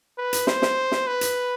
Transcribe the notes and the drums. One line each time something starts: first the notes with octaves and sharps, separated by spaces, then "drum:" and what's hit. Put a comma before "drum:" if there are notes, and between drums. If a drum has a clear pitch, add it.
B4
drum: hi-hat
C5, drum: snare
drum: snare
drum: snare
B4
drum: hi-hat